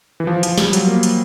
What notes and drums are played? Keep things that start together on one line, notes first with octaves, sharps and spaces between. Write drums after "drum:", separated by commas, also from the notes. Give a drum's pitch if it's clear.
E3
F3
F3, drum: hi-hat
G3, drum: snare
F#3, drum: hi-hat
A#3
drum: hi-hat